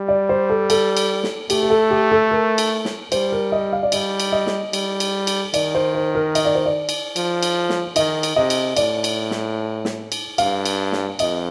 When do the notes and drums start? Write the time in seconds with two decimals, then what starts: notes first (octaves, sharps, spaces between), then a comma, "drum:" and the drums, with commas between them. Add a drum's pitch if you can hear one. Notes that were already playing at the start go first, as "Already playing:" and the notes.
Already playing: G3
0.08 D5
0.29 C5
0.50 A4
0.70 A4, drum: cymbal
0.97 drum: cymbal
1.23 drum: snare
1.50 A3 G4, drum: cymbal
1.63 G4
1.70 A4
1.91 G4
2.12 A4
2.31 A#4
2.58 drum: cymbal
2.85 drum: snare
3.12 G3 C5, drum: cymbal
3.32 A#4
3.52 D#5
3.73 F5
3.83 D5
3.92 G3 D#5, drum: cymbal
4.20 drum: cymbal
4.32 D#5
4.46 drum: snare
4.73 G3, drum: cymbal
5.00 drum: cymbal
5.27 drum: cymbal
5.54 D#3 D5, drum: cymbal
5.75 C5
5.95 C5
6.15 A#4
6.35 D#5, drum: cymbal
6.45 D5
6.55 C5
6.66 D5
6.89 drum: cymbal
7.16 F3, drum: cymbal
7.43 drum: cymbal
7.69 drum: snare
7.96 D#3 D#5, drum: cymbal
8.23 drum: cymbal
8.36 C3 D#5
8.50 drum: cymbal
8.76 A2 D5, drum: cymbal
9.04 drum: cymbal
9.31 drum: snare
9.85 drum: snare
10.12 drum: cymbal
10.38 G2 F5, drum: cymbal
10.66 drum: cymbal
10.92 drum: snare
11.19 F2 D#5, drum: cymbal